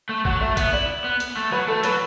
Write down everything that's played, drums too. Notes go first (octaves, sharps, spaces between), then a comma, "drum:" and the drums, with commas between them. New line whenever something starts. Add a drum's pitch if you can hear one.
A3
F#3 F#5, drum: kick A1
A3 E5
B3 E5, drum: kick A1, hi-hat
E4 D5
B3
drum: hi-hat
A3
F#3 B4
A3 A4
F#3 B4, drum: hi-hat